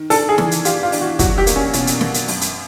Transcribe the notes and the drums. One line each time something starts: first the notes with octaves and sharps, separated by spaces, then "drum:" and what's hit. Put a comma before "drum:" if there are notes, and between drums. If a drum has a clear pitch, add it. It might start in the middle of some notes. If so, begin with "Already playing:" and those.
Already playing: D#3
D4 A4, drum: open hi-hat
G#4
E3, drum: snare
drum: hi-hat
F4 G4, drum: hi-hat
F4
D4, drum: open hi-hat
F#4
F#3 F#4, drum: kick, hi-hat
G4
A#3, drum: hi-hat
C#4
B2 C#4, drum: hi-hat
drum: hi-hat
A#3, drum: snare
drum: hi-hat
F#2, drum: open hi-hat
drum: hi-hat